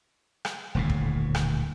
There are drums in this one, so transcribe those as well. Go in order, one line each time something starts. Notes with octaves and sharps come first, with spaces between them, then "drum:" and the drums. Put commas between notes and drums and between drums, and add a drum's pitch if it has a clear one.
drum: rim click
D#1 D2 A2
drum: kick
drum: rim click